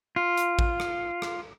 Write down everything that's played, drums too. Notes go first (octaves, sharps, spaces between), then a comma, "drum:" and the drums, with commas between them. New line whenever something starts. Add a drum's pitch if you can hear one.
F4
drum: hi-hat
drum: kick
drum: rim click
drum: rim click